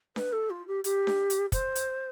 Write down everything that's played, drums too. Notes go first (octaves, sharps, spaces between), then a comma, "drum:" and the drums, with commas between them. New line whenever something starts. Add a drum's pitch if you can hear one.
B4, drum: snare D4
A4
F4
G4
G4, drum: hi-hat
drum: snare D4
drum: hi-hat
C5, drum: kick, hi-hat
drum: hi-hat